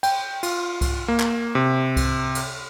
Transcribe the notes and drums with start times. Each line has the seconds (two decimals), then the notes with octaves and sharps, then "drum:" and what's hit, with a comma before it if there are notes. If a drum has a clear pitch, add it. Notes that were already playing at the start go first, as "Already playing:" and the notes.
0.03 G5, drum: cymbal
0.43 F4, drum: cymbal
0.81 drum: kick C2, cymbal
1.08 A#3
1.20 drum: clap
1.55 C3
1.97 drum: kick C2, cymbal
2.35 drum: cymbal